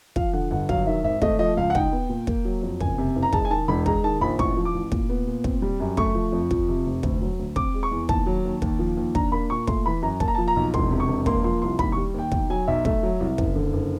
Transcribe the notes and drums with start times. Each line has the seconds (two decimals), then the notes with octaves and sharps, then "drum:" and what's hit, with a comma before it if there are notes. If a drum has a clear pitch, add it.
0.16 F3 F5, drum: kick
0.33 D3 F#5
0.51 G1 F#5
0.69 F#3 F5, drum: kick
0.87 D#3 E5
1.04 G#1 E5
1.22 A3 D#5, drum: kick
1.39 F3 D#5
1.57 C#2 F5
1.70 F#5
1.75 D#4 G5, drum: kick
1.93 B3
2.09 A#2
2.27 A#3, drum: kick
2.45 F#3
2.63 F2
2.80 F#1 G#5, drum: kick
2.98 C3
3.15 F#1
3.23 A#5
3.33 G#3 A5, drum: kick
3.45 G#5
3.50 D#3 A5
3.68 E1 B5
3.86 G#3 A#5, drum: kick
4.04 D#3 A5
4.21 A#1 B5
4.39 A1 C#6, drum: kick
4.57 F3
4.65 D6
4.74 A1
4.92 A#2, drum: kick
5.09 B3
5.27 A#2
5.44 C4, drum: kick
5.62 G3
5.80 F#2
5.97 A3 C#6, drum: kick
6.15 F3
6.32 F2
6.51 F3, drum: kick
6.69 C3
6.86 F1
7.03 D2, drum: kick
7.22 F#3
7.39 D2
7.56 C4 D6, drum: kick
7.74 G#3
7.83 C#6
7.92 E2
8.09 D#2 A5, drum: kick
8.26 F#3
8.45 D#2
8.62 D#2, drum: kick
8.79 F3
8.97 D#2
9.15 D4 A#5, drum: kick
9.32 A#3 B5
9.50 A#2 C#6
9.67 A3 C6, drum: kick
9.86 E3 B5
10.02 F#2 A#5
10.20 A#3 A5, drum: kick
10.28 A#5
10.35 F3 A5
10.48 A#5
10.56 B1
10.74 E1 C6, drum: kick
10.91 C3
11.00 C#6
11.08 E1
11.26 A#3 C6, drum: kick
11.44 F3 C6
11.62 C2 C6
11.79 D#2 B5, drum: kick
11.92 C#6
11.97 G3
12.14 D#2 G5
12.32 B1 G5, drum: kick
12.50 F#3 G#5
12.68 B1 E5
12.85 A3, drum: kick
13.03 F#3
13.20 C2
13.38 F#1, drum: kick
13.56 D3
13.73 F#1